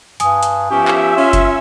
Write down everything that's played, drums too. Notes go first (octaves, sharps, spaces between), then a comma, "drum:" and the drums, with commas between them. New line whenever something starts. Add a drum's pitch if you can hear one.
G2 G#5 D#6, drum: hi-hat
drum: hi-hat
F3 B3 C#4 G4 E5
drum: clap
C#4 F4
drum: kick F#1, hi-hat